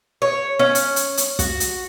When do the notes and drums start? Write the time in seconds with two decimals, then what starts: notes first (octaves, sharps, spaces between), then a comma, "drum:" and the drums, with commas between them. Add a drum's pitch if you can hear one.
0.22 C#5
0.59 C#4
0.75 drum: hi-hat
0.96 drum: hi-hat
1.17 drum: hi-hat
1.39 F#4, drum: kick, hi-hat
1.60 drum: hi-hat